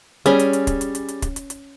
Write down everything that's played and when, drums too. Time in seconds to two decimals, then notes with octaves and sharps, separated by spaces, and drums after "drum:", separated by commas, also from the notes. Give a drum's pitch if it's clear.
0.26 G3 C#4 G#4, drum: hi-hat
0.39 drum: hi-hat
0.53 drum: hi-hat
0.67 drum: kick, hi-hat
0.81 drum: hi-hat
0.95 drum: hi-hat
1.08 drum: hi-hat
1.22 drum: kick, hi-hat
1.36 drum: hi-hat
1.50 drum: hi-hat